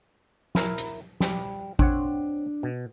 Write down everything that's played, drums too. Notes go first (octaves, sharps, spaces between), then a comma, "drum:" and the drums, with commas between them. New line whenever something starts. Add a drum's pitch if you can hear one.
E4 A#4, drum: snare
drum: hi-hat
G3, drum: snare
C4 D4 C#5 F#5, drum: kick A1
B2